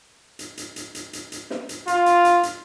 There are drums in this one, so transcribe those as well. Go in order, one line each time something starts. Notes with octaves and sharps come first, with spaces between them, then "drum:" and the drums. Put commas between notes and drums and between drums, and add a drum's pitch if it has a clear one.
drum: hi-hat
drum: hi-hat
drum: hi-hat
drum: hi-hat
drum: hi-hat
drum: hi-hat
drum: snare
drum: hi-hat
F4, drum: hi-hat
drum: hi-hat
drum: hi-hat
drum: hi-hat